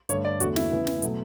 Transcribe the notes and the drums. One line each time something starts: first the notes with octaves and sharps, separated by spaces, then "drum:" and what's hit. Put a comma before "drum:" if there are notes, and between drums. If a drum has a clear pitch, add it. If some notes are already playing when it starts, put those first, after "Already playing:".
G2 D3 A3 C#5, drum: hi-hat
D5
E2 D3 A3 F#4, drum: hi-hat
E4, drum: snare
C#3 E3 B3
drum: snare
B2 F#3 A3, drum: hi-hat